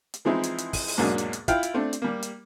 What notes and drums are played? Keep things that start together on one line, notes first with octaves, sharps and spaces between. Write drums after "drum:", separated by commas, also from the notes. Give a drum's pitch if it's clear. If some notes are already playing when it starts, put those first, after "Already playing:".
drum: hi-hat
E3 F3 G#3 C4 D#4 E4
drum: hi-hat
drum: hi-hat
drum: kick, open hi-hat
drum: open hi-hat
E2 G#2 B2 F#3 A#3 D4
drum: hi-hat
drum: hi-hat
E4 F4 F5 G5, drum: kick, hi-hat
drum: hi-hat
A3 C4 D4
drum: hi-hat
G3 A#3
drum: hi-hat